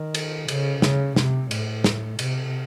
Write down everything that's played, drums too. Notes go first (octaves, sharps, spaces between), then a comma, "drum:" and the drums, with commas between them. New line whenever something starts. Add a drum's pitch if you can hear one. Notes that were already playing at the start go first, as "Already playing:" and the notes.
Already playing: D#3
drum: cymbal
C#3, drum: cymbal
C#3, drum: snare
C3, drum: snare
A2, drum: cymbal
drum: snare
C3, drum: cymbal